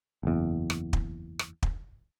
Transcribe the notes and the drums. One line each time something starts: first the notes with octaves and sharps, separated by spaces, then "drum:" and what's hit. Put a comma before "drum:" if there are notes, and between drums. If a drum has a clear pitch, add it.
F#1 E2
drum: rim click
drum: kick
drum: rim click
drum: kick